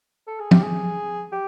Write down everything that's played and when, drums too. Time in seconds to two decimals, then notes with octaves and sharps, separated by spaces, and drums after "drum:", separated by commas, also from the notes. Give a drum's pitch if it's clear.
0.27 A4
0.39 G#4
0.51 G4, drum: tom F3
0.63 G#4
1.32 G4